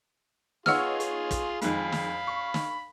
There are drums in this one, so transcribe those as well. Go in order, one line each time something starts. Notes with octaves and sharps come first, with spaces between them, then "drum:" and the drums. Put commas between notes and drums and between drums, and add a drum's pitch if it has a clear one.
B3 D#4 F4 G#4 C#5 F#5 E6 F6, drum: snare
drum: hi-hat
drum: kick, hi-hat
F2 D#3 G#3 F5 B5, drum: hi-hat
drum: snare
C#6
drum: snare